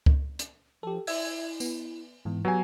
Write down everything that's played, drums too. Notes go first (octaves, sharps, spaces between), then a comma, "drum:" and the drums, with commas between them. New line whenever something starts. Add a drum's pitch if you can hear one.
drum: kick C#2
drum: hi-hat
F3 G4 A4
E4 E5 G#6, drum: open hi-hat
B3, drum: tambourine
G#2 E3 B3
F#3 B3 G4 G#5